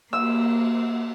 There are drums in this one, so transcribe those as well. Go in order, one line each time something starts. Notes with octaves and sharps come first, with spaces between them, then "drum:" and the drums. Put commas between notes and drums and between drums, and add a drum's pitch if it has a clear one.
A#3 E6, drum: cymbal